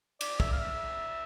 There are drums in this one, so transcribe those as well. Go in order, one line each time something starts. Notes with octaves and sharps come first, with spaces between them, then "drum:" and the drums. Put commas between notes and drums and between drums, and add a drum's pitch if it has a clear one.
D5, drum: cymbal
E5, drum: kick
F5
E5